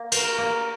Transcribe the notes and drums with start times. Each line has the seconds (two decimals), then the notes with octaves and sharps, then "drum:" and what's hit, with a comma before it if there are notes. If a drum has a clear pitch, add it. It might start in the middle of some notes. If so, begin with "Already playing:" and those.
Already playing: A#3
0.12 A#4 C5, drum: cymbal
0.38 A#3